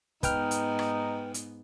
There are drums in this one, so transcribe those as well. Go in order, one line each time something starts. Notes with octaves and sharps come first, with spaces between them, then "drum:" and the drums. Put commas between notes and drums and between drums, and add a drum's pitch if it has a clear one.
G#2 B3 D#4 B4 G5 F6, drum: kick, hi-hat
drum: hi-hat
drum: rim click
drum: hi-hat